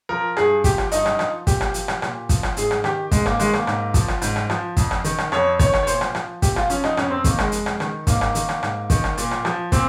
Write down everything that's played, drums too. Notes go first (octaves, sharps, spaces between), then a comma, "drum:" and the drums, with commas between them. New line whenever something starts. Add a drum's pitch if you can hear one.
F3 A#4
G2 G#4, drum: rim click
F3 G4, drum: kick, hi-hat
drum: rim click
G2 D#4, drum: hi-hat
drum: rim click
F3, drum: rim click
A#2 G4, drum: kick, hi-hat
drum: rim click
F3, drum: hi-hat
drum: rim click
A#2, drum: rim click
F3, drum: kick, hi-hat
drum: rim click
G#2 G#4, drum: hi-hat
drum: rim click
D#3 G4, drum: rim click
G#2 G#3, drum: kick, hi-hat
A#3, drum: rim click
D#3 G#3, drum: hi-hat
A#3, drum: rim click
G#2, drum: rim click
F3, drum: kick, hi-hat
drum: rim click
G#2, drum: hi-hat
drum: rim click
F3, drum: rim click
F2, drum: kick, hi-hat
drum: rim click
D#3, drum: hi-hat
drum: rim click
F2 C#5, drum: rim click
D#3 C#5, drum: kick, hi-hat
drum: rim click
C#5
A#2 C5, drum: hi-hat
drum: rim click
F3, drum: rim click
A#2 G4, drum: kick, hi-hat
F4, drum: rim click
F3 C#4, drum: hi-hat
D#4, drum: rim click
F2 C#4, drum: rim click
C4
D#3 A#3, drum: kick, hi-hat
G#3, drum: rim click
F2, drum: hi-hat
drum: rim click
D#3, drum: rim click
G#2 A#3, drum: kick, hi-hat
drum: rim click
D#3, drum: hi-hat
drum: rim click
G#2, drum: rim click
D#3, drum: kick, hi-hat
drum: rim click
A#2, drum: hi-hat
drum: rim click
F3, drum: rim click
A#2 C4, drum: kick, hi-hat